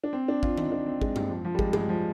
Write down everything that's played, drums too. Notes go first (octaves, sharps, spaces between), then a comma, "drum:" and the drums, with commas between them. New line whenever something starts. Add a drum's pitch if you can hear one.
D4
C4
D4
F4, drum: kick G#1
D#4, drum: tom D#3
D4
C4
G#3, drum: kick G#1
G3, drum: tom
F3
F3
G3
G#3, drum: kick G#1
G#3, drum: tom
F3